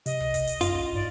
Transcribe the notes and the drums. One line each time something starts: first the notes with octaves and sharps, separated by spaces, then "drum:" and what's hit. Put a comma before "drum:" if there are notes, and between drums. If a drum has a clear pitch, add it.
C3 D#5, drum: hi-hat
drum: kick
drum: kick, hi-hat
drum: hi-hat
F#2 F4, drum: hi-hat
drum: kick
G#2 D5